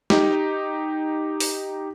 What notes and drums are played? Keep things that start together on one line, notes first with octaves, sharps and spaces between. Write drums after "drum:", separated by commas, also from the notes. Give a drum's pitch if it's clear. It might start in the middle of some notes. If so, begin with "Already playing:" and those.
D#4 G4, drum: snare
drum: open hi-hat